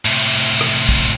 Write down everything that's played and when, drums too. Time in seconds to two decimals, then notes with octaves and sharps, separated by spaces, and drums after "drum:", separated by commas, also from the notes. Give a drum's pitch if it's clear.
0.05 A2 C3, drum: cymbal
0.33 drum: cymbal
0.61 drum: rim click
0.89 drum: kick, cymbal